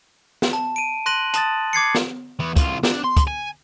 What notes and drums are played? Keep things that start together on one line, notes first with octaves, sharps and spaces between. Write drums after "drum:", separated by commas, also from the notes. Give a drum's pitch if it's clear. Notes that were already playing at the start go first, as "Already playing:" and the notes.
drum: snare
A5
D7 D#7
C6 F#6 A#6 D#7 F#7
A5 D#6 A6, drum: hi-hat
D6 G#6 C7 C#7
drum: snare
E3 B3
C2 F4, drum: kick, hi-hat
D4, drum: snare
C6
drum: kick, hi-hat
G#5